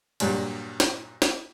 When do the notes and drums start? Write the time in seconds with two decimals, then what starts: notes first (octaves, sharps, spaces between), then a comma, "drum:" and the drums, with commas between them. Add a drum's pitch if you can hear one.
0.20 G2 A#2 F#3 G3, drum: cymbal
0.80 drum: snare
1.22 drum: snare